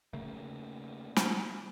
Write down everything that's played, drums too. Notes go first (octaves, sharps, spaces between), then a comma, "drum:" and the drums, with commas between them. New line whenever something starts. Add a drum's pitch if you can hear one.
C#3 A3 A#3
drum: snare